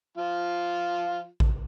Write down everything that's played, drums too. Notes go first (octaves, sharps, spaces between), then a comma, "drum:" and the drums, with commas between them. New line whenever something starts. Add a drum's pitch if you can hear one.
F3 F4
drum: kick A1